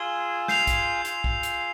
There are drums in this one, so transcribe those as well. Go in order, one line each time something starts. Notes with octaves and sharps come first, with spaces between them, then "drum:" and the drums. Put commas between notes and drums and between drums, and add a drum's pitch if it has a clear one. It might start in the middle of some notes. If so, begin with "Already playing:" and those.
Already playing: F4 G#4 E6 G#6 E7 G7
G6 C7 F7, drum: snare
drum: kick, hi-hat
F4 G#4, drum: hi-hat
drum: kick
drum: hi-hat